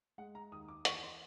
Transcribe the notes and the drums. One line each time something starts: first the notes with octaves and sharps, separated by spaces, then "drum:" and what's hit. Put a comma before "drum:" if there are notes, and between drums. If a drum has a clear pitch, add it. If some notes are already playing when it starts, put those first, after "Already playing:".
G#3 F#5
A#5
D#2 D#6
D6
E3 C#6, drum: hi-hat
C6